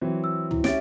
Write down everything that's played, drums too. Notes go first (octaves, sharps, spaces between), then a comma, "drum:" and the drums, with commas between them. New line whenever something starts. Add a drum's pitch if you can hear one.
E3 F#3 C4
E6
E4, drum: tom
C#4 G4 E5 A6 D7, drum: snare